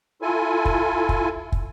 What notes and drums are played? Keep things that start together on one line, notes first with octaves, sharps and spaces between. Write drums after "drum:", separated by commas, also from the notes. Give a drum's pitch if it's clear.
E4 F4 A4 G#5
drum: kick
drum: kick
drum: kick